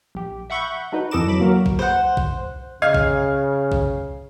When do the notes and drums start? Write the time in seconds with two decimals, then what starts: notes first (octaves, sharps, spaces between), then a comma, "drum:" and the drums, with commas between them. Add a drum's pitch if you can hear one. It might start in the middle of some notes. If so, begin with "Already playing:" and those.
0.15 A#1 G4
0.50 E5 F#5 B5 C#6 G6
0.92 D4 D#4 F#4 B4
1.11 F2 E3 A4 D#5 D6 E7
1.27 F#3 B5 D6
1.40 F#3 A#3 F#4 A#4
1.66 drum: kick
1.79 C5 F#5
2.17 drum: kick
2.82 C#3 D#5 F5 F6 G#6
2.94 drum: kick
3.72 drum: kick